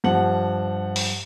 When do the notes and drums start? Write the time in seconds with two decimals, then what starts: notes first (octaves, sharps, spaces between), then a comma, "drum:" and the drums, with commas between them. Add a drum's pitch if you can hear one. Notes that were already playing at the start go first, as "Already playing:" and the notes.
0.04 G2 F3 F#5 F#7
0.96 drum: open hi-hat